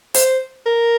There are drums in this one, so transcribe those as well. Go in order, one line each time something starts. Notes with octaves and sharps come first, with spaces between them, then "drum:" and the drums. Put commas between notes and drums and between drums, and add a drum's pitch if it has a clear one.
C5, drum: hi-hat
A#4